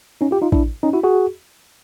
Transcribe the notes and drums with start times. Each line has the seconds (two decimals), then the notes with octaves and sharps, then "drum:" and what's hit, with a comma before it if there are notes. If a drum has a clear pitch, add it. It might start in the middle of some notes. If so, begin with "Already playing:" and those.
0.21 C#4 D#4
0.31 F4 G4
0.42 D#4 F4
0.52 D4 E4, drum: kick
0.83 C#4 D#4
0.93 E4 F#4
1.03 F#4 G#4